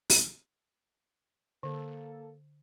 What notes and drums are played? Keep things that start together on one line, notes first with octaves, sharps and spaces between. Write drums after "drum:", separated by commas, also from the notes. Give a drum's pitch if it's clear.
drum: open hi-hat
D3 A#3 A4